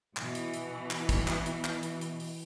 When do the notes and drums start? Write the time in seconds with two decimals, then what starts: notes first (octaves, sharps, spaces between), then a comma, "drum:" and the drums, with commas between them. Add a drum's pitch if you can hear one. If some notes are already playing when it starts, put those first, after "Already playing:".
0.17 B2 E3, drum: clap
0.35 drum: hi-hat
0.54 drum: hi-hat
0.91 drum: clap
1.09 drum: kick, hi-hat
1.28 drum: clap
1.46 drum: hi-hat
1.64 drum: clap
1.83 drum: hi-hat
2.01 drum: hi-hat
2.20 drum: open hi-hat